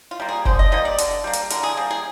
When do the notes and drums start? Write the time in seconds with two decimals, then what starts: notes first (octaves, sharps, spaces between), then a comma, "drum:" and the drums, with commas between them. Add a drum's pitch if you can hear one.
0.11 F4
0.20 G3 A#3
0.29 G#4
0.45 D3 C5, drum: kick F1
0.59 D#5
0.72 G3 A#3 D#5
0.85 D5
0.98 D3, drum: hi-hat
1.24 G3 A#3
1.33 drum: hi-hat
1.50 D3 A#4, drum: hi-hat
1.63 G#4
1.77 G3 A#3
1.91 G#4